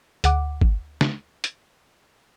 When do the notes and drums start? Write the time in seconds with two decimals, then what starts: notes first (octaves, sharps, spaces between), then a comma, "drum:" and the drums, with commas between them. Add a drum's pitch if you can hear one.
0.24 D2 F#5 D6, drum: hi-hat
0.61 drum: kick
1.01 drum: snare
1.44 drum: hi-hat